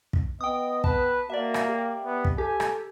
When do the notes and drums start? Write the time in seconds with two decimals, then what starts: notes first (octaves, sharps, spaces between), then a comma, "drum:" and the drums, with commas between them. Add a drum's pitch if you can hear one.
0.13 drum: kick
0.41 B3 D#5 G5 D#6
0.84 B4 A5, drum: kick
1.30 A#3 F#4 D5 E5
1.54 drum: rim click
1.68 G4
2.05 B3
2.25 drum: kick
2.38 G4 A4 G#5
2.60 drum: rim click